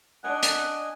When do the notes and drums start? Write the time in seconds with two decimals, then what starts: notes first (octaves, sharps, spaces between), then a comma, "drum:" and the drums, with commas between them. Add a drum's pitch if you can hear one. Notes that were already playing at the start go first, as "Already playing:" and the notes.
0.24 D4 D#5 F#5 G#5
0.43 drum: hi-hat